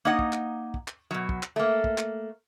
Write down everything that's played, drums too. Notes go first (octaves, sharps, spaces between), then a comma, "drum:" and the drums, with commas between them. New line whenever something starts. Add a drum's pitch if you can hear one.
A#3 D#4 D#5 F#5
drum: kick
drum: clap
drum: kick
drum: clap
B2 F#3
drum: kick
drum: clap
A3 A#3
drum: kick
drum: clap